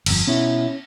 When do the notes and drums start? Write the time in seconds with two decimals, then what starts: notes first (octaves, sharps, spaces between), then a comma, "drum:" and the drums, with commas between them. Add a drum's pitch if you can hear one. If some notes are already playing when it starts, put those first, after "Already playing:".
0.06 G1 F2, drum: cymbal
0.27 B2 C#4 E4